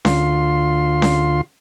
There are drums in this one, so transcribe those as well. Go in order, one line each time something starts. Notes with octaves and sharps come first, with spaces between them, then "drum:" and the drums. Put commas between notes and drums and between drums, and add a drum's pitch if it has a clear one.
D2 F4 C6, drum: snare C#4
drum: snare C#4